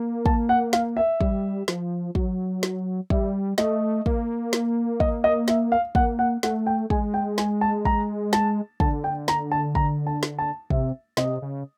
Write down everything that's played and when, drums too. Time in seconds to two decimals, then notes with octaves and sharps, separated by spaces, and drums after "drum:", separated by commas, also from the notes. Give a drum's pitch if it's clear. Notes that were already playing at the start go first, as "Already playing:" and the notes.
Already playing: A#3
0.26 A5, drum: kick
0.49 F#5
0.73 F5, drum: snare
0.97 E5
1.21 G3, drum: kick
1.68 F3, drum: snare
2.15 F#3, drum: kick
2.63 drum: snare
3.10 G3 E5, drum: kick
3.58 A3 D#5, drum: snare
4.06 A#3, drum: kick
4.53 drum: snare
5.00 D#5, drum: kick
5.24 D#5
5.48 E5, drum: snare
5.72 F5
5.95 A#3 F#5, drum: kick
6.19 F#5
6.43 A3 F#5, drum: snare
6.67 G5
6.90 G#3 G#5, drum: kick
7.14 G5
7.38 G#5, drum: snare
7.61 A5
7.85 A#5, drum: kick
8.33 A5, drum: snare
8.80 D3 A5, drum: kick
9.04 G5
9.28 A#5, drum: snare
9.52 A5
9.75 A#5, drum: kick
10.07 A5
10.23 drum: snare
10.39 A5
10.70 C3 E5, drum: kick
11.17 C3 D#5, drum: snare
11.42 C#3